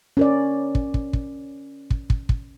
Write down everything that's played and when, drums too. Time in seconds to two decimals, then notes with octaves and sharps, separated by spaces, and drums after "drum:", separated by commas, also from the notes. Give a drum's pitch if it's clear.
0.17 C#4 A#4 D5
0.75 drum: kick
0.94 drum: kick
1.13 drum: kick
1.90 drum: kick
2.10 drum: kick
2.29 drum: kick